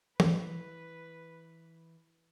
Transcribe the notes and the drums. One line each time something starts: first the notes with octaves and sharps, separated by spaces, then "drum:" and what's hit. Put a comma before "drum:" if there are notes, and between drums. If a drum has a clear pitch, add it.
E3 B4, drum: tom